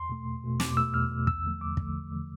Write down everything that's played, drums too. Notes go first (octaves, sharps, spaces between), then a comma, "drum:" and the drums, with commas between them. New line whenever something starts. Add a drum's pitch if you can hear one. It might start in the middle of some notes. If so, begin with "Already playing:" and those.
Already playing: E2 C6
B2 A3
E2
B2 A3
E2 D6, drum: snare
B2 A3 E6
E2 F6
B2 A3
E2 E6, drum: kick
D3 F3 A3
E2 D6
D3 F3 A3, drum: kick
E2
D3 F3 A3